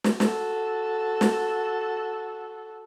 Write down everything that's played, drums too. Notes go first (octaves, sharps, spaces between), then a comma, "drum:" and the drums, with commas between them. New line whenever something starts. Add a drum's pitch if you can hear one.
drum: snare
F#4 A4, drum: snare
drum: snare